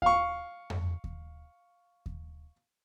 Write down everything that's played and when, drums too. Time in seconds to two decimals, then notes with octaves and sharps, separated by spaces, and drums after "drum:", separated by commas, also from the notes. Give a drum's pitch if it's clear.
0.02 F5 C#6, drum: kick D#2
0.70 drum: tom F2
1.04 drum: kick D#2
2.06 drum: kick D#2